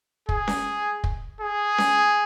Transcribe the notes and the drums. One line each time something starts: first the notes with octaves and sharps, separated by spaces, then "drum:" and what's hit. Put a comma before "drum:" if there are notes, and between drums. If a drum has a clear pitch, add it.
G#4, drum: kick
drum: snare C#4
drum: kick
G#4
drum: snare C#4